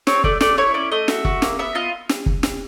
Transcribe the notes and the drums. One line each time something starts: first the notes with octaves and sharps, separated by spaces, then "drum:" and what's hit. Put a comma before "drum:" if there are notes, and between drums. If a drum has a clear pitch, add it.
C4 C#5, drum: snare
A3 D5, drum: kick
A3 D5, drum: snare
E4 C#5
C#4 D5
A3 D#5
F#4 E5, drum: snare
F#4, drum: kick
A#3, drum: snare
B3 E5
F4 D#5
drum: snare
drum: kick
drum: snare